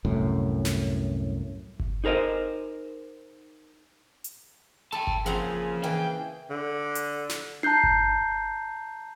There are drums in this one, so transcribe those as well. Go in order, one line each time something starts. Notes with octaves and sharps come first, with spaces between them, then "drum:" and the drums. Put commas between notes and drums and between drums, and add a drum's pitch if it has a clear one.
C2 F#2 A2
drum: snare
drum: kick G1
D#4 G#4 A#4 C5 D#5
drum: hi-hat
A4 G5 A5
drum: kick G1
C#3 F3 A#3 C4 G#4 F#5 A#5
E3 G5
D3
drum: hi-hat
drum: snare
A5 A#5 F#6 G6 C7, drum: tom D4
drum: kick G1